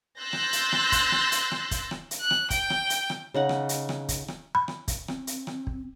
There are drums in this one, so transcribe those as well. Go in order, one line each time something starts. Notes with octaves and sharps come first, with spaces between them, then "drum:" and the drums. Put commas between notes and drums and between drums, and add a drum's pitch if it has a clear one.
C6 E6 F#6 G6 A6 A#6
drum: rim click
drum: hi-hat
drum: rim click
drum: kick, hi-hat
drum: rim click
drum: hi-hat
drum: rim click
drum: kick, hi-hat
drum: rim click
drum: hi-hat
F#6
drum: rim click
G5, drum: kick, hi-hat
drum: rim click
drum: hi-hat
drum: rim click
C#3 D#4 F#5
drum: rim click
drum: hi-hat
drum: rim click
drum: kick, hi-hat
drum: rim click
B5
drum: rim click
drum: kick, hi-hat
C4, drum: rim click
drum: hi-hat
drum: rim click
drum: kick